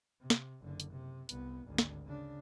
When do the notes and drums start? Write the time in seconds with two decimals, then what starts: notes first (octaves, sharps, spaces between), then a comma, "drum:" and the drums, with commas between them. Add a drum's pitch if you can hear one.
0.20 C3
0.30 drum: snare
0.62 F#1 D3
0.80 drum: hi-hat
0.92 C3
1.29 C2 B3, drum: hi-hat
1.67 G#1 D2
1.78 drum: snare
2.04 C#3 D4